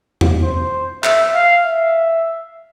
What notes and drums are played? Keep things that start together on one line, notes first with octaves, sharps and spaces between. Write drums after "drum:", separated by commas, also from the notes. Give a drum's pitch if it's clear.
drum: tom E2
C5
E5, drum: clap
F5
E5